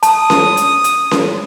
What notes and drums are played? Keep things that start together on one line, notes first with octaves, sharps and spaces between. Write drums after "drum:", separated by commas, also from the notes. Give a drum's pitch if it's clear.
A5 D#6, drum: hi-hat
drum: snare C#4
drum: hi-hat
drum: hi-hat
drum: snare C#4